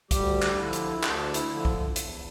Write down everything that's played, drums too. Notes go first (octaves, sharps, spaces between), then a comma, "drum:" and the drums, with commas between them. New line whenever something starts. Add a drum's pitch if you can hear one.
D2 G3 G4, drum: kick, hi-hat
drum: clap
D3 F3 E4
drum: hi-hat
D2 D4, drum: clap
E4, drum: hi-hat
D3 F3
drum: kick
E2, drum: hi-hat